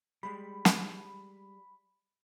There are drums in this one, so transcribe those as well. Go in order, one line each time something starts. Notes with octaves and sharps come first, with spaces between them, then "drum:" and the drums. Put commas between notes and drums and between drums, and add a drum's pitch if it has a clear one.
G3 G#3 B5
drum: snare